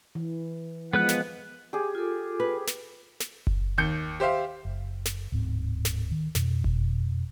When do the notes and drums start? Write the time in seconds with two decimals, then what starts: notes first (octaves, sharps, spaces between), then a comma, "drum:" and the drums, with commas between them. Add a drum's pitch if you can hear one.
0.15 E3
0.93 F3 G#3 B3 B4 F#5 F#6
1.09 drum: snare
1.73 G4 G#4
1.95 F4 A4
2.40 B4
2.67 drum: snare
3.20 drum: snare
3.47 drum: kick F#1
3.78 D#2 G6 C#7
4.20 G4 C5 E5 F5
4.65 F#1
5.06 drum: snare
5.32 D1 G#2 C4
5.85 drum: snare
6.11 D#3
6.35 F2 B2, drum: snare
6.64 drum: kick F#1